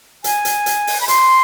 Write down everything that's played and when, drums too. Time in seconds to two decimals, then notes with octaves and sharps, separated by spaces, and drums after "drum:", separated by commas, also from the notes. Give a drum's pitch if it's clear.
0.24 G#5, drum: hi-hat
0.45 drum: hi-hat
0.66 drum: hi-hat
0.87 drum: open hi-hat
1.01 B5
1.08 C6, drum: hi-hat